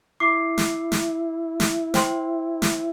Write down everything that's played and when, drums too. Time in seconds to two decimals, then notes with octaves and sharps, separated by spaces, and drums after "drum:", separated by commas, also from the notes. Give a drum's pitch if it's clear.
0.20 E4 D6 C7
0.58 drum: snare
0.92 drum: snare
1.60 drum: snare
1.94 C5 G5 C6, drum: snare
2.62 drum: snare